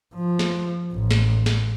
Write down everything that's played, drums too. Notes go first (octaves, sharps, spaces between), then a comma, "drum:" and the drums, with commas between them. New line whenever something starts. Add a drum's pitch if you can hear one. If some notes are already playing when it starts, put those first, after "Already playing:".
F3
drum: snare
A1
drum: snare
drum: snare